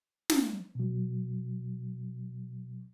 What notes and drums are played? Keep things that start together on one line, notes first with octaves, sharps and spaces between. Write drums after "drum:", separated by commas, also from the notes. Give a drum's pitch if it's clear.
drum: snare
B2 F#3